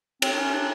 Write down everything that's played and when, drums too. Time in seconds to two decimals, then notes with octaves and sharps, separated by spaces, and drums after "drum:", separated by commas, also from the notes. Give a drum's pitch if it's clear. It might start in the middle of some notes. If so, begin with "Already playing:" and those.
0.22 C4, drum: cymbal
0.33 D4
0.39 C#4
0.54 D4